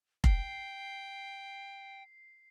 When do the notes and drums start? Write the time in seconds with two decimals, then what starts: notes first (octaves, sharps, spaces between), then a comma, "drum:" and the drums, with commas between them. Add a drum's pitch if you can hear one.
0.24 G5 C7, drum: kick F1